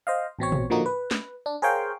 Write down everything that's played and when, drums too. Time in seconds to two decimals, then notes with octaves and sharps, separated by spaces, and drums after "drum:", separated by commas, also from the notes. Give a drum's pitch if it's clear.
0.07 C5 D#5 F5
0.39 A1 B2 C4 C#5
0.52 drum: tom
0.70 A#2 D3 F3 A#3 D#4 F#4
0.86 B4
1.11 drum: snare
1.46 D4
1.62 G#4 A#4 C5 C#5 F5 G5